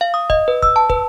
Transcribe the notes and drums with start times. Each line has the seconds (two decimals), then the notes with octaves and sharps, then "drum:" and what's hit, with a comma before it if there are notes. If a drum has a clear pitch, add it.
0.01 F5
0.14 D#6
0.30 D#5, drum: kick
0.48 B4
0.62 E6, drum: kick
0.76 A5
0.90 B4, drum: kick